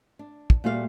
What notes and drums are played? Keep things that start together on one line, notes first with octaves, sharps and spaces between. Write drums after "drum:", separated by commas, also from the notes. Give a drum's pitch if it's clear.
D4
drum: kick
A#2 G3 A3 F#4 G#4 F5